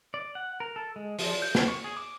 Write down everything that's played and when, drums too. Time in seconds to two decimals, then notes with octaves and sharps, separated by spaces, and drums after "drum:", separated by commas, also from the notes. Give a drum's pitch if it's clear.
0.14 D5
0.35 F#5
0.60 A#4
0.76 A4
0.96 G#3
1.19 F3, drum: open hi-hat
1.42 G6
1.55 A#4, drum: snare
1.68 C#6
1.84 G#4
1.97 D6